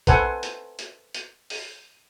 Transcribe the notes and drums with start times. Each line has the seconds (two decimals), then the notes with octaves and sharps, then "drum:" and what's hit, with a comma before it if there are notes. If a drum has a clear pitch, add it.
0.07 A4 B4 C5 F#5 G#5, drum: kick A#1, hi-hat
0.43 drum: hi-hat
0.79 drum: hi-hat
1.14 drum: hi-hat
1.50 drum: open hi-hat